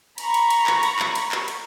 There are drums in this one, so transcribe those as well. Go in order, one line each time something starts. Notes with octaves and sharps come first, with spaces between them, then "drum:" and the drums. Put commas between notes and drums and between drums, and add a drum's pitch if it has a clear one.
A#5 B5 C#6, drum: cymbal
drum: cymbal
drum: cymbal
drum: clap
drum: cymbal
drum: clap
drum: cymbal
drum: clap
drum: cymbal